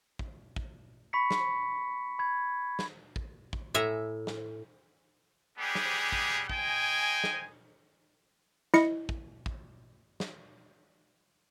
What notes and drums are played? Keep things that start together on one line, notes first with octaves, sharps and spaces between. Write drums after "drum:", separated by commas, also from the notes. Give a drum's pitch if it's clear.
drum: kick
drum: kick
B5 C#6 B6 C#7
drum: snare
B5 G#6
drum: snare
drum: kick
drum: kick
A2 E5 G#5 A#5
drum: snare
G3 G#3 B3 G4 G#4
drum: snare
drum: kick
G#3 D#4 G5 G#5, drum: kick
drum: snare
E4 D#5 C#7, drum: snare
drum: kick
drum: kick
drum: snare